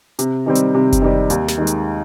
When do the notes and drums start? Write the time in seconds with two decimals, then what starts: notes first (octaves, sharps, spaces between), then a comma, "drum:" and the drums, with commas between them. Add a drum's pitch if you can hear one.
0.19 C3, drum: hi-hat
0.46 D#3 G3 C4
0.55 drum: hi-hat
0.74 C3
0.92 drum: kick F#1, hi-hat
1.02 D#3 G3 C4
1.30 D#2, drum: hi-hat
1.48 drum: snare
1.58 D#3 G#3
1.67 drum: hi-hat